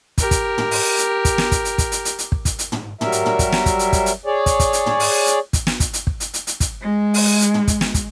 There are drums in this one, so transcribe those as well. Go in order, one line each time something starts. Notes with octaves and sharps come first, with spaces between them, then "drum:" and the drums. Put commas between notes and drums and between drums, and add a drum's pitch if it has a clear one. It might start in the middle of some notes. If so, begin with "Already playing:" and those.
G4 A#4, drum: kick, hi-hat
drum: kick, hi-hat
drum: tom
drum: open hi-hat
drum: hi-hat
drum: kick, hi-hat
drum: snare
drum: kick, hi-hat
drum: hi-hat
drum: kick, hi-hat
drum: hi-hat
drum: hi-hat
drum: hi-hat
drum: kick
drum: kick, hi-hat
drum: hi-hat
drum: tom
F#3 G3 A#4 E5, drum: tom
drum: hi-hat
drum: tom
drum: kick, hi-hat
drum: snare
drum: kick, hi-hat
drum: hi-hat
drum: kick, hi-hat
drum: hi-hat
G#4 C#5 D5
drum: kick, hi-hat
drum: kick, hi-hat
drum: hi-hat
drum: tom
drum: open hi-hat
drum: hi-hat
drum: kick, hi-hat
drum: snare
drum: kick, hi-hat
drum: hi-hat
drum: kick
drum: hi-hat
drum: hi-hat
drum: hi-hat
drum: kick, hi-hat
G#3
drum: open hi-hat
drum: hi-hat
drum: tom
drum: kick, hi-hat
drum: snare
drum: kick, hi-hat